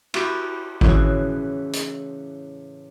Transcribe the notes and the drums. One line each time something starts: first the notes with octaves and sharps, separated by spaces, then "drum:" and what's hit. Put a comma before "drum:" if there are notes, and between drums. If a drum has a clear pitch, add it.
E4 F#4 G4, drum: cymbal
A2 C#3 E3 F#4, drum: kick G#1
drum: hi-hat